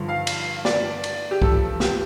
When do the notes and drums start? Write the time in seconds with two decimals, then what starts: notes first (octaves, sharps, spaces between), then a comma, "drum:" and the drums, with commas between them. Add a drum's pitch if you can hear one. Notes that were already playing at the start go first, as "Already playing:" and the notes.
Already playing: G2 D3 F3
0.09 F5
0.27 drum: cymbal
0.65 D5, drum: snare
1.04 drum: cymbal
1.31 G4
1.42 G2 F3 A4, drum: kick C2
1.80 G4, drum: snare